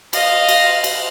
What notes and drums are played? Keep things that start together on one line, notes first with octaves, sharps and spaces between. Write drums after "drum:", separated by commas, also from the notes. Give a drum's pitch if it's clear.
D#5 F5, drum: cymbal
drum: cymbal
drum: cymbal